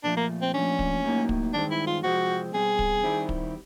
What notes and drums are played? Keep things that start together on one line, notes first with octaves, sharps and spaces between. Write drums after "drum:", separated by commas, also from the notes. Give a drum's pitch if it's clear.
A#2 F3 A3 D4
A#3
C4
A#2 F3 A3 C#4 D4
drum: kick
A2 F#3 A#3 D#4
drum: kick
G2 D#3 G#3 C4 D4
E4
F4
C3 F3 G#3 C4 F#4
B2 G3 C4 G#4
drum: kick
D#3 G3 C4 E4
drum: kick